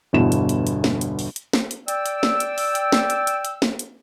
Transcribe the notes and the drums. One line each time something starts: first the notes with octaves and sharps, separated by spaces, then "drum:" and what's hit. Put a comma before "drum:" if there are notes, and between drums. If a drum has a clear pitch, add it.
G1 E2 B2 E7
drum: hi-hat
drum: hi-hat
drum: hi-hat
drum: snare
drum: hi-hat
drum: open hi-hat
drum: hi-hat
drum: snare
drum: hi-hat
D5 G5 E6, drum: hi-hat
drum: hi-hat
drum: snare
drum: hi-hat
drum: open hi-hat
drum: hi-hat
drum: snare
drum: hi-hat
drum: hi-hat
drum: hi-hat
drum: snare
drum: hi-hat